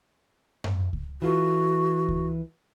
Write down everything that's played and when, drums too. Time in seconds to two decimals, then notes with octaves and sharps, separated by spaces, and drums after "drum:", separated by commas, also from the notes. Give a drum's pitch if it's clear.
0.64 drum: tom F#2
0.93 drum: kick C#2
1.22 E3 F4 F#4 A4
2.08 drum: kick C#2